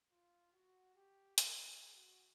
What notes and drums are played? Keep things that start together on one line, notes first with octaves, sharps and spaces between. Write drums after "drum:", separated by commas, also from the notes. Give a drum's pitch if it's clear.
F4
F#4
G4
A4, drum: hi-hat
G#4
F#4